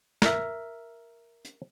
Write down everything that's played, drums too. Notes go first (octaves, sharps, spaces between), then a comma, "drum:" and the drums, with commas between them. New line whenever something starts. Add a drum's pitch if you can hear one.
A#4 E5, drum: snare
drum: hi-hat